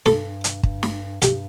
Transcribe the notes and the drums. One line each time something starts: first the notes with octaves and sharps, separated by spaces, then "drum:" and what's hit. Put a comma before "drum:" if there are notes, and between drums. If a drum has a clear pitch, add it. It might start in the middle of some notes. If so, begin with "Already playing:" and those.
G2 A4, drum: snare
drum: hi-hat
G2, drum: kick
drum: snare
G2 G4, drum: hi-hat